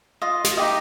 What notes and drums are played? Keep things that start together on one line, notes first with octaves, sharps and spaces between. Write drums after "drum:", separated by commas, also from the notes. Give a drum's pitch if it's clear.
F4 D#5
drum: snare
D#4 G4 D#5